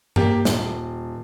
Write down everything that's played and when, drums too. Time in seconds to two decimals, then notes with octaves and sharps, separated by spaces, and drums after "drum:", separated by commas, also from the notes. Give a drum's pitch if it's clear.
0.16 A#3 G4, drum: tom G2
0.45 D#1, drum: snare